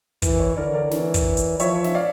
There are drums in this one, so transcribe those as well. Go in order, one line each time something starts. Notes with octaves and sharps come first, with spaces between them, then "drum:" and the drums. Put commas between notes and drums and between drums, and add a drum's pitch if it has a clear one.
E3 A#4, drum: kick, hi-hat
C#5
D3 A#4 D5
A#4 D5
E3, drum: snare
drum: kick, hi-hat
drum: hi-hat
F3 C#5 E5, drum: hi-hat
E5, drum: snare
D5 F5